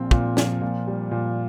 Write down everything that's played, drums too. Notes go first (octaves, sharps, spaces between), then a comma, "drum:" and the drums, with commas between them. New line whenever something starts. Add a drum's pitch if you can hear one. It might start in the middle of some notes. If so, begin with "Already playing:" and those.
Already playing: A#1 A#2 F3 C4
A#2, drum: kick
F3, drum: snare
A#2
G3
A#2